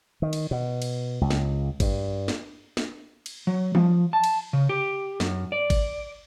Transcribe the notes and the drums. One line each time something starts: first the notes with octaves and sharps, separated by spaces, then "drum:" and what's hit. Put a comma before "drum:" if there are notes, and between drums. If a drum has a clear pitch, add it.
D#3
drum: cymbal
B2
drum: cymbal
C#2
drum: snare
G2, drum: kick G#1, cymbal
drum: snare
drum: snare
drum: cymbal
F#3
F3, drum: tom
A5
drum: cymbal
C#3
G4
F#2, drum: snare
D5
drum: kick G#1, cymbal